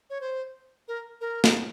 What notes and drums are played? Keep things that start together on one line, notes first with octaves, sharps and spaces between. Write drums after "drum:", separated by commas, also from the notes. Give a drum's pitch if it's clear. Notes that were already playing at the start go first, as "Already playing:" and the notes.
C#5
C5
A#4
A#4
drum: snare